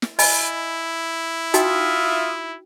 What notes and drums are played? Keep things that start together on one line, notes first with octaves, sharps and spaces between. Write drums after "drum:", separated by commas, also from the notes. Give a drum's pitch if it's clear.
drum: snare
E4 D#5 G#5 B5, drum: open hi-hat
D#4 F4 F#4 E5 G5 D#6, drum: hi-hat